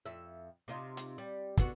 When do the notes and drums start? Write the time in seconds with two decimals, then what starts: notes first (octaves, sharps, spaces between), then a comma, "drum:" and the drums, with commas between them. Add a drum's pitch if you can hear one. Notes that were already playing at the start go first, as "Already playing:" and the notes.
0.06 F2 E5
0.68 C3 D#4 F4
0.97 drum: hi-hat
1.18 G3
1.57 D3 B3 F#4, drum: kick, hi-hat